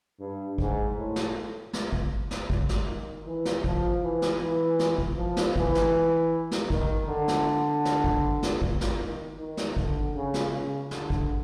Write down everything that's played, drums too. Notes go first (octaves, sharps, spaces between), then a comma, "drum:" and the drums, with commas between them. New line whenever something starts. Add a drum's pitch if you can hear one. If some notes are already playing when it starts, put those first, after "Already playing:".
G2
G#2, drum: kick
A2
drum: snare
drum: snare
drum: kick
drum: snare
drum: kick
drum: snare
D#3
E3
drum: snare
F3, drum: kick
E3
drum: snare
E3
drum: snare
drum: kick
F3
drum: snare
E3, drum: kick
drum: snare
drum: snare
D#3, drum: kick
D3
drum: snare
drum: snare
drum: kick
drum: snare
drum: kick
drum: snare
D#3
D#3
drum: snare
D3, drum: kick
C#3
drum: snare
C#3
D3, drum: snare
drum: kick